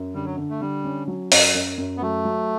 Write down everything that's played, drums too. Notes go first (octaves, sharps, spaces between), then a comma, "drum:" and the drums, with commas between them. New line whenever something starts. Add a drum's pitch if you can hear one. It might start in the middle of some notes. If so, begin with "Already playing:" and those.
Already playing: F#2
D3 G3
F#3
D3
A3
D3 G3
C#4
F#3
F#2, drum: open hi-hat
F#2
F#2
B3
F#3 A3
F#3